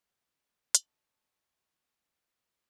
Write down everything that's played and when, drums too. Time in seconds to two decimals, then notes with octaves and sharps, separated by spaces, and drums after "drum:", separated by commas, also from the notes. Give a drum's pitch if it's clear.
0.75 F#4 D#5 G#5 A5, drum: hi-hat